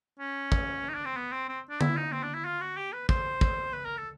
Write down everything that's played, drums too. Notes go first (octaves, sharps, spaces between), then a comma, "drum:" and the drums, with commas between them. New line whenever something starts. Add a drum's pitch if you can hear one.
C#4
drum: kick
D#4
D4
C4
B3
C4
C4
D4
E4, drum: tom D3
D#4
C4
D4
E4
F4
F#4
G4
B4
C5, drum: kick
drum: kick
B4
A#4
A4